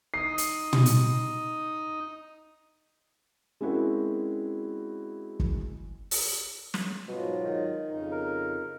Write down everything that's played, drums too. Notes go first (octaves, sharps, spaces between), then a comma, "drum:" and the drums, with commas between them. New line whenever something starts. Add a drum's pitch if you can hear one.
D#4 D#6 C7
drum: hi-hat
drum: tom
drum: hi-hat
G#3 C4 C#4 E4 F#4 A#4
drum: kick
drum: open hi-hat
drum: snare
G#2 B2 F#3 F4
D#3
F2 C#3 D#4
A#4